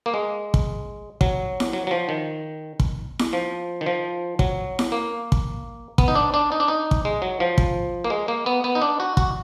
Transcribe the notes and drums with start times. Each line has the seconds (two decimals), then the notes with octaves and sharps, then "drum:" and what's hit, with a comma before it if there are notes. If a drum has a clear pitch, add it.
0.06 A#3
0.14 G#3
0.54 drum: kick
1.21 F#3, drum: kick
1.60 drum: snare E4
1.73 F#3
1.87 F#3
1.91 F3
2.09 D#3
2.80 drum: kick
3.19 drum: snare E4
3.33 F3
3.81 D#3
3.86 F3
4.39 F#3, drum: kick
4.79 drum: snare E4
4.92 A#3
5.32 drum: kick
5.98 B3, drum: kick
6.08 D#4
6.15 D4
6.34 D4
6.52 D#4
6.60 D4
6.68 D#4
6.91 drum: kick
7.05 G#3
7.22 F#3
7.40 F3
7.58 drum: kick
8.04 A#3
8.10 G#3
8.28 A#3
8.46 B3
8.64 B3
8.75 D#4
8.82 D4
9.00 F#4
9.17 F#4, drum: kick